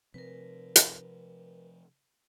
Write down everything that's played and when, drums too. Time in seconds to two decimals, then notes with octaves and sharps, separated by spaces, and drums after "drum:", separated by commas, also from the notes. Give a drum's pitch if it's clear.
0.14 C3 F3 C4 A#4 B4
0.76 drum: hi-hat